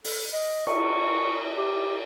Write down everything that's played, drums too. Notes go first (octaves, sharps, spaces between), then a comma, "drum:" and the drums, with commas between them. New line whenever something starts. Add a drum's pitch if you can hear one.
A4, drum: open hi-hat
D#5
C#6, drum: cymbal
G4